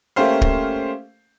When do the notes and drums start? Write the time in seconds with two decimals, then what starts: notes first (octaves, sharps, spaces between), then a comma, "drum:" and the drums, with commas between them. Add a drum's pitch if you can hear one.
0.16 A3 A#3 C#4 G4 C5 F5
0.41 drum: kick D1